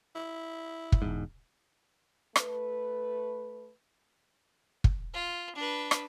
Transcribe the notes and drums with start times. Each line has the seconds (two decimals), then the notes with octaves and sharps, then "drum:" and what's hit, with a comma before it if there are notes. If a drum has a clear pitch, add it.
0.16 E4
0.92 drum: kick
1.02 E1 G#2
2.36 A3 B4, drum: rim click
4.84 drum: kick
5.14 F4
5.55 D4 B4
5.91 drum: rim click